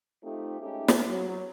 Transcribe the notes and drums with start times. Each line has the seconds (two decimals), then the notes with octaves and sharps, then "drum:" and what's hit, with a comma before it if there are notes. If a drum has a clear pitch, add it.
0.23 A3 C4 D#4 F4 G4
0.60 G#3 A3 C#4 D#4 G4
0.88 drum: snare
1.08 F#3